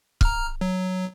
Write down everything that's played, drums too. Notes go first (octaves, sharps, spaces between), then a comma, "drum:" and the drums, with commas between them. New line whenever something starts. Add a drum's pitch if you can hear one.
A#5 F6, drum: kick
F#3